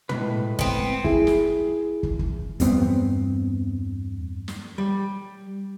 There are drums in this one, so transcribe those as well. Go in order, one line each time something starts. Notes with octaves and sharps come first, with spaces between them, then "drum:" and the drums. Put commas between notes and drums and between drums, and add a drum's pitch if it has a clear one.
A2 G#3 B4, drum: tom
B3 C4, drum: kick
E4 G#4, drum: kick
drum: snare
drum: kick
drum: kick
E2 G2 B3 C4, drum: hi-hat
drum: snare
G3